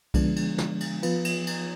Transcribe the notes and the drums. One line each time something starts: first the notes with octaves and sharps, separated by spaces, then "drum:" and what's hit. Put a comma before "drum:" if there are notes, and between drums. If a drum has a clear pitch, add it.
D3 F3 G#3 B3 D4, drum: kick C2, cymbal
drum: cymbal
drum: snare
drum: cymbal
F3 B3 F4 B4, drum: cymbal
drum: cymbal
drum: cymbal